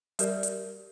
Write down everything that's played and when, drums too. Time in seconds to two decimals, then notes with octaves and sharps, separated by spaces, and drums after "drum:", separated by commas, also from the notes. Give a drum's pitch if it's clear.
0.19 G3 G4 A#4 D5, drum: hi-hat
0.43 drum: hi-hat